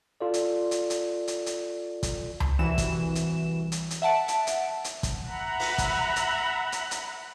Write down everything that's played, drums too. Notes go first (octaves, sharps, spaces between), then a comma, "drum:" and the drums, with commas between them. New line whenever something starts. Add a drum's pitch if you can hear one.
F4 A4 D5
drum: hi-hat
drum: hi-hat
drum: hi-hat
drum: hi-hat
drum: hi-hat
drum: kick, hi-hat
drum: tom C#2
C2 E3 F#4 E7
drum: kick, hi-hat
drum: hi-hat
drum: hi-hat
drum: hi-hat
E5 F#5 A5 D7
drum: hi-hat
drum: hi-hat
drum: hi-hat
drum: kick, hi-hat
E5 F#5 A#5 B5
drum: open hi-hat
drum: kick, hi-hat
drum: hi-hat
drum: hi-hat
drum: hi-hat